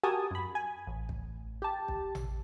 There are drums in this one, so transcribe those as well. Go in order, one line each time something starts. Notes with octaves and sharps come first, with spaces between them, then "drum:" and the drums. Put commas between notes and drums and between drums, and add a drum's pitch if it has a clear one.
F#4 G4 A#4 G#5 A5 D#6
F#2 B5
G#5
A1
drum: kick
G4 A5
drum: kick
drum: tom A1